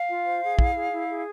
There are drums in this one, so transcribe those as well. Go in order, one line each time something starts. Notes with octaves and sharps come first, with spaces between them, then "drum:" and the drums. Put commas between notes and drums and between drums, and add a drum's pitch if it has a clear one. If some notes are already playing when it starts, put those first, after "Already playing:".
Already playing: F5
F4
C5
G#4
E4, drum: kick
G#4
E4
G#4